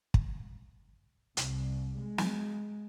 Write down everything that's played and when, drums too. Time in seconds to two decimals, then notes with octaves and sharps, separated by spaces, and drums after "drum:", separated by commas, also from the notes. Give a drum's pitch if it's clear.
0.14 drum: kick
1.37 C2, drum: hi-hat
2.00 G#3
2.18 drum: snare